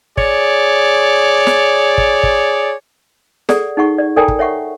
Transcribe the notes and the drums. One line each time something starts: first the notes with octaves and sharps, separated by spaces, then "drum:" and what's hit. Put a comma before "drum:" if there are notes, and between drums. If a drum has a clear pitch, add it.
G#4 C#5 D5, drum: kick
drum: snare
drum: kick
drum: kick
G#4 A4 D5 F#5, drum: snare
D#4 G#4 F#5 C#6
D5
A4 A#4 D5 G5 G#5 A#5
drum: kick
C#5 E5 F#5 C#6